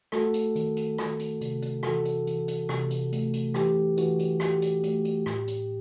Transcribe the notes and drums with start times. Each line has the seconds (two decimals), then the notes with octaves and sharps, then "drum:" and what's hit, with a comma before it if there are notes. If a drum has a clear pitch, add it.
0.12 A3 F#4 A4, drum: rim click
0.34 drum: hi-hat
0.56 D#3, drum: hi-hat
0.76 drum: hi-hat
0.98 D#3, drum: rim click
1.19 drum: hi-hat
1.41 C3, drum: hi-hat
1.62 drum: hi-hat
1.83 E3 F#4 A4, drum: rim click
2.05 drum: hi-hat
2.27 E3, drum: hi-hat
2.48 drum: hi-hat
2.69 C3, drum: rim click
2.91 drum: hi-hat
3.12 A3, drum: hi-hat
3.33 drum: hi-hat
3.54 E3 G4, drum: rim click
3.97 E3 F#4, drum: hi-hat
4.19 drum: hi-hat
4.40 E3 G4, drum: rim click
4.62 drum: hi-hat
4.83 A3, drum: hi-hat
5.05 drum: hi-hat
5.26 A2, drum: rim click
5.48 drum: hi-hat